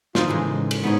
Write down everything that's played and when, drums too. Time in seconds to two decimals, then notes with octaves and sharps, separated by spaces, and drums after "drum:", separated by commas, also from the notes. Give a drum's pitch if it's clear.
0.15 F3 D#4 F4, drum: snare
0.28 A2 C#3 E3 G#3
0.71 drum: cymbal
0.83 G#2 B3 D#4 C#5